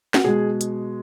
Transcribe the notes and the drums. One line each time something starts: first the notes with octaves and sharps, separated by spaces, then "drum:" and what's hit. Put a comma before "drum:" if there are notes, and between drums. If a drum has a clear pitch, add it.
F#4, drum: snare
B2 G#3 G#4
drum: hi-hat